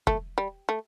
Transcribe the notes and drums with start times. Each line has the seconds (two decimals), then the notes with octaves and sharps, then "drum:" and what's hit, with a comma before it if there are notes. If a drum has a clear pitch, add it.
0.07 A3, drum: kick
0.38 G3
0.69 A3